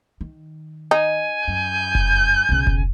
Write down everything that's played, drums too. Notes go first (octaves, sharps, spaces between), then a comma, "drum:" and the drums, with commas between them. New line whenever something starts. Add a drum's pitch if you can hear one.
D#3
D#4 G#5
F#2 G6
drum: kick F1
B1 C#3
drum: kick F1